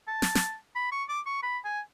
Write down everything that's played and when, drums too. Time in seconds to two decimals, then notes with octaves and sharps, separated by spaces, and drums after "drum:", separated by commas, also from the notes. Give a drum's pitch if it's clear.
0.08 A5
0.22 drum: snare
0.35 drum: snare
0.75 B5
0.92 C#6
1.09 D6
1.26 C#6
1.42 B5
1.64 G#5